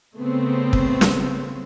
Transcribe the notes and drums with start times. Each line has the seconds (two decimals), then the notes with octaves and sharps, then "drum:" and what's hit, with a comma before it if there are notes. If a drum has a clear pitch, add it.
0.16 C#3 A3 B3 C4
0.73 drum: kick
1.01 drum: snare